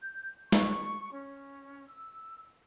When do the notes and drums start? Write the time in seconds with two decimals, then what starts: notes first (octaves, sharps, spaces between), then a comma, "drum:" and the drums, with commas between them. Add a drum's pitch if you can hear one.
0.02 G6
0.52 C#6, drum: snare
1.12 C#4
1.87 E6